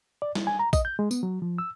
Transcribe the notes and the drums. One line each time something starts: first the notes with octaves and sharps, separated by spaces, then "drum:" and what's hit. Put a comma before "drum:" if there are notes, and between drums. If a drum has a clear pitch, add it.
D5
E4, drum: snare
G#5
A#5
D#5, drum: kick A#1, tambourine
G6
G#3
B3, drum: tambourine
F#3
F3
E6